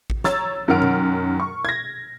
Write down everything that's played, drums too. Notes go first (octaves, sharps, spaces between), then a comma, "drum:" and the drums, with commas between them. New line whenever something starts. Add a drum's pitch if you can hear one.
drum: kick A1
C#5 A#5 E6 A6, drum: snare
F#2 D#3 F#5 F6 D7
drum: tom B2
C#6
G#6 A#6